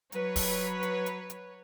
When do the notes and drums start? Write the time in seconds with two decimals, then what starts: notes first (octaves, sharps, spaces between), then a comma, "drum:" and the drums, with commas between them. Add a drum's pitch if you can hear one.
0.12 F#3 B4 C#5, drum: hi-hat
0.36 drum: kick, open hi-hat
0.83 drum: hi-hat
1.06 drum: hi-hat
1.30 drum: hi-hat